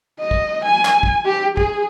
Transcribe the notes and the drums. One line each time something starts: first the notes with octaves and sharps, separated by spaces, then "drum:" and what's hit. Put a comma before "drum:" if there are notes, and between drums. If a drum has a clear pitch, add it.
D#5
drum: kick
G#5
drum: clap
drum: kick
G4
G#4, drum: kick